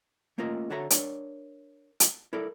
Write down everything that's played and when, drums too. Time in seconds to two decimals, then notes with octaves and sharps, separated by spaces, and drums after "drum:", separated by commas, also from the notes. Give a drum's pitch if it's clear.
0.38 A3 A#3 C#4 F4 A#4 D#5
0.70 D3 F#4 A4 C#5 E5 A#5
0.90 D4 A#4 C#5, drum: hi-hat
2.00 drum: hi-hat
2.33 E4 A4 A#4 D5